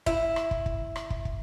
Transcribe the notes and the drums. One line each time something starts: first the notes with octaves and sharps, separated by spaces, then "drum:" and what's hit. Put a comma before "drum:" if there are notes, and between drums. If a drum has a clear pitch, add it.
E4, drum: kick
drum: rim click
drum: kick
drum: kick
drum: rim click
drum: kick
drum: kick